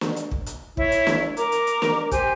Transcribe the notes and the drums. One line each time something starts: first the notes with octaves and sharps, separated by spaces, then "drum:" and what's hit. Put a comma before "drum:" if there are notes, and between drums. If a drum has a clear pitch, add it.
drum: snare
drum: hi-hat
drum: kick
drum: hi-hat
E4 C#5, drum: kick
drum: hi-hat
drum: snare
A#4 A#5 D6, drum: hi-hat
drum: hi-hat
drum: hi-hat
drum: snare
G4 C5 G#5 G6, drum: kick, hi-hat